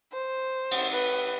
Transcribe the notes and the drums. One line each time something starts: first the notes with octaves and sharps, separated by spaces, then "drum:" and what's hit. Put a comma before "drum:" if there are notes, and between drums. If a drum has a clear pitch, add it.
C5
drum: cymbal
B4